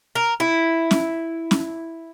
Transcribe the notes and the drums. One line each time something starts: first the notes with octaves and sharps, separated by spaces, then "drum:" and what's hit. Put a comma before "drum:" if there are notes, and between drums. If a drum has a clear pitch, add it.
A#4
E4
drum: snare C#4
drum: snare C#4